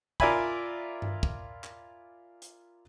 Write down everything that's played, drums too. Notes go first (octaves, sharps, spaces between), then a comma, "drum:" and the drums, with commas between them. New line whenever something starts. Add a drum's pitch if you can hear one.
F4 A#4 D5 E5 G#5 B5, drum: kick
drum: tom G2
drum: kick
drum: clap
drum: hi-hat